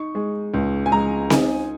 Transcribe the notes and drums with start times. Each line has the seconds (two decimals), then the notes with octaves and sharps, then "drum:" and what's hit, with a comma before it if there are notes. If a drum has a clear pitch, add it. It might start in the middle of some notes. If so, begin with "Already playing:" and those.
Already playing: D#4 C#6
0.15 G#3
0.54 C#2
0.86 G#5
0.92 G#3 A#5
1.30 D#4 G#5, drum: snare C4